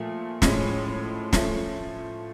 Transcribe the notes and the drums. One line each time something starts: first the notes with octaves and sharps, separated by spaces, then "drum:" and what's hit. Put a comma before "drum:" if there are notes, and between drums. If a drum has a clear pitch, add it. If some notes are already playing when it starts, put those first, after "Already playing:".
Already playing: A#2 F3 A3
A2 F3 G#3 C#4, drum: snare
F3 A3 C#4, drum: snare